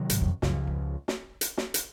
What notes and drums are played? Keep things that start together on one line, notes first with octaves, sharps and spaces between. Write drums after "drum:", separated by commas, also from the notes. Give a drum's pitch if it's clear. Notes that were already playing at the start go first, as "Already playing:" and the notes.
Already playing: C3 D#3 F#3
G#2, drum: hi-hat
F#2
F2
C#2 F#2 C#3 F3, drum: snare
F2
drum: snare
drum: hi-hat
drum: snare
drum: hi-hat